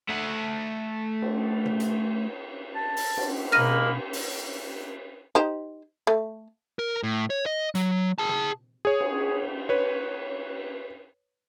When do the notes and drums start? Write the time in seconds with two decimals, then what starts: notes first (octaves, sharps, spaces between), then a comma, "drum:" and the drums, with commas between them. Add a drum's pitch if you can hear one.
0.09 A3 F#5
1.22 drum: cymbal
1.65 drum: tom
1.80 drum: hi-hat
2.75 A5
2.97 drum: open hi-hat
3.17 drum: cymbal
3.52 B2 G#3 A#3 A#4 B5 F6 A#6 D#7
4.13 drum: open hi-hat
5.35 D#4 G4 C5
6.07 A3
6.79 A#4
7.03 A2
7.30 C#5
7.46 D#5
7.75 F#3, drum: hi-hat
8.18 G#4 A5
8.29 drum: tom
8.85 G#4 C#5
9.01 drum: cymbal
9.69 B4 C#5